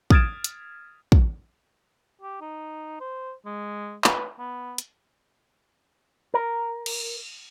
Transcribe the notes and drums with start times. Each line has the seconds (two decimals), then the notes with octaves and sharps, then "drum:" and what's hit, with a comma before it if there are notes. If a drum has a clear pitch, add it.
0.10 D#6 F6 G#6 A6 D7 E7, drum: kick
0.44 drum: hi-hat
1.12 drum: kick
2.21 G4
2.41 D#4
3.00 C5
3.45 G#3
4.04 B4, drum: clap
4.39 B3
4.78 drum: hi-hat
6.34 A#4
6.86 drum: cymbal